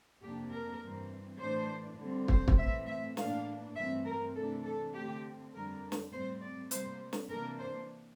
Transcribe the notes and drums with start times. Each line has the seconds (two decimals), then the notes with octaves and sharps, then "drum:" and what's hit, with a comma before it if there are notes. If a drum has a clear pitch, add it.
0.22 F2 C3 F3 A#3 D4 G4
0.52 A#4
0.82 G2 E3 G3 C4
1.40 A2 E3 A3 D4 C5
1.99 D3 G3 C4
2.28 C5, drum: kick
2.48 drum: kick
2.58 A2 E3 A3 C4 E5
2.87 E5
3.17 A2 E3 A#3 D4 F5, drum: snare
3.76 G2 E3 A3 C4 E5
4.05 A#4
4.35 C3 E3 A3 D4 A4
4.64 A4
4.94 D3 A3 C4 G4
5.53 F2 D3 G3 D4 A#4
5.92 drum: snare
6.12 A2 G3 C4 C5
6.41 D5
6.71 C3 G3 A#3 C5, drum: hi-hat
7.13 drum: snare
7.30 C3 E3 A#3 D4 A#4
7.58 C5